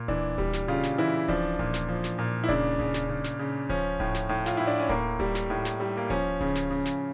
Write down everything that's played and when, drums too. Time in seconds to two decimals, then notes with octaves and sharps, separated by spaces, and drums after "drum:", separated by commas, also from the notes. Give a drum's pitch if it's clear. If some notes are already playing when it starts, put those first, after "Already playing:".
Already playing: A#2
0.08 E3 D4, drum: kick D1
0.38 G3, drum: kick D1
0.53 drum: snare
0.68 C#3 F4
0.83 drum: snare
0.98 E3 E4
1.28 F3 D4, drum: kick D1
1.59 A#2, drum: kick D1
1.74 drum: snare
1.89 F3
2.04 drum: snare
2.19 A#2
2.44 E4
2.49 C#3 D4, drum: kick D1
2.80 C#3, drum: kick D1
2.94 drum: snare
3.09 C#3
3.24 drum: snare
3.39 C#3
3.69 F3 C#4, drum: kick D1
4.00 A2, drum: kick D1
4.14 drum: snare
4.29 A2
4.46 F4, drum: snare
4.57 A2 E4
4.67 D4
4.79 C#4
4.89 A2 A#3, drum: kick D1
5.20 G3, drum: kick D1
5.35 drum: snare
5.50 A2
5.65 drum: snare
5.80 G3
5.97 A#3
6.10 F3 C#4, drum: kick D1
6.41 C#3, drum: kick D1
6.55 drum: snare
6.71 C#3
6.85 drum: snare